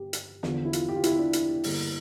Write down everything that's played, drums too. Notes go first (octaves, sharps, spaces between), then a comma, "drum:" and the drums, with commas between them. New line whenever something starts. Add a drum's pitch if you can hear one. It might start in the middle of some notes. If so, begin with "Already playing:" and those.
Already playing: G2 G4
drum: hi-hat
E2 D3 F3, drum: snare
E4
F4, drum: hi-hat
G4
F4
E4, drum: hi-hat
D4
E4, drum: hi-hat
G2 D3 G3 A#3, drum: open hi-hat